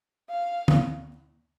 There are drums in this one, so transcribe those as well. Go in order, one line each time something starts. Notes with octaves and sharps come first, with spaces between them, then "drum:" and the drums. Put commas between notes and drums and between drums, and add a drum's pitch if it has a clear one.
F5
drum: tom